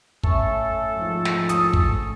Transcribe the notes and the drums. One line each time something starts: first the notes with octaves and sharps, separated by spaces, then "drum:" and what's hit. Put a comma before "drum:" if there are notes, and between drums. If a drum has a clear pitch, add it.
A3 C#4 A4, drum: kick
G#2 F3
drum: snare
D#6, drum: hi-hat
drum: kick